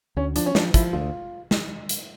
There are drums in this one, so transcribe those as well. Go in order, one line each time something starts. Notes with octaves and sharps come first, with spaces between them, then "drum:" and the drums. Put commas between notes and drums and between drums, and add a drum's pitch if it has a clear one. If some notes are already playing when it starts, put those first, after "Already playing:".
D2 C#4
F3 D4, drum: hi-hat
C#4
F3 D4, drum: snare
F3 E4, drum: kick, hi-hat
D2 F4
drum: snare
drum: hi-hat